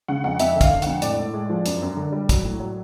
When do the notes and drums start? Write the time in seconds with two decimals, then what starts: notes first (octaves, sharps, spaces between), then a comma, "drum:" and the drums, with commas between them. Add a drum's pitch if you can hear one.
0.08 C#3 F#5
0.24 F2 F#5
0.39 F2 E5, drum: hi-hat
0.56 D3
0.61 F5, drum: kick, hi-hat
0.71 D3
0.82 F2 F#5, drum: hi-hat
1.02 A2 D5, drum: hi-hat
1.19 A2
1.34 G#3
1.49 F3
1.66 F#2, drum: hi-hat
1.82 F#2
1.97 D3
2.12 G3
2.29 F#3, drum: kick, hi-hat
2.44 A2
2.60 F#3